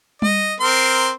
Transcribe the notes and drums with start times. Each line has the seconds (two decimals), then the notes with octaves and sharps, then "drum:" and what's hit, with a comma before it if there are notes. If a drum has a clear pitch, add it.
0.22 D#5, drum: tom G3
0.61 C4 A#4 C6